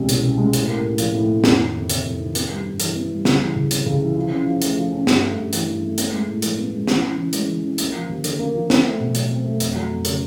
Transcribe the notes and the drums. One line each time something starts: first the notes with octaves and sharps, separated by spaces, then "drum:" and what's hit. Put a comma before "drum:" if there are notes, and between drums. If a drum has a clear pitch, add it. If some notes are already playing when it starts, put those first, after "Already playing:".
Already playing: C2 E3 G#3 C#4
B2, drum: hi-hat
C#4
G#3
A2, drum: hi-hat
A#3
A2
F3, drum: hi-hat
A2
A#3
F2, drum: snare
D#3
F2
C3, drum: hi-hat
F2
D#3
B3, drum: hi-hat
G3
G2
E3, drum: hi-hat
B3
G3
C#2, drum: snare
E3
C#2
C3, drum: hi-hat
C#2
E3
F3
C#4
F3
A3, drum: hi-hat
F3
C#4
G2, drum: snare
A3
G2
E3, drum: hi-hat
G2
A3
B3, drum: hi-hat
G#3
A2
F3, drum: hi-hat
B3
G#3
E3, drum: snare
C#4
E3
G#3, drum: hi-hat
E3
C#4
A#3, drum: hi-hat
F3
D#2
D3, drum: hi-hat
A#3
F3
C4, drum: snare
A3
B2
F#3, drum: hi-hat
C4
A3
F2, drum: hi-hat
F#3
F2
C#3, drum: hi-hat